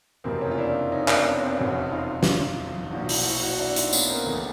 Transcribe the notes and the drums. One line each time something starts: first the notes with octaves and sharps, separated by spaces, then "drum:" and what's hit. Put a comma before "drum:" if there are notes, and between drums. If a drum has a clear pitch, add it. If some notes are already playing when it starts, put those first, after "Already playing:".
F#1 F2 C3 E3 A#3 C4
B3 C#4
F4
D4 E4
C#4 D#4
D#4
C4 D4, drum: clap
B3 C#4
C4 D4
F1 E2 B2 B3 C#4
D#4 F4
drum: snare
B1 A#2 F3 E4 F#4
E4 F#4, drum: open hi-hat
E4 F#4
E4 F#4
D4 E4
D#4 F4, drum: hi-hat
B3 C#4, drum: tambourine
A#3 C4
C#2 C#3 E3 A3 B3